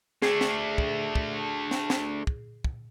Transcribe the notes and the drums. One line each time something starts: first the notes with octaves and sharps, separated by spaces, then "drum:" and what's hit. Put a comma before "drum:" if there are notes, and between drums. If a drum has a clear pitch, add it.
A3 D4 G#4 C7, drum: snare
drum: snare
drum: kick
drum: kick
drum: snare
drum: snare
drum: kick
drum: kick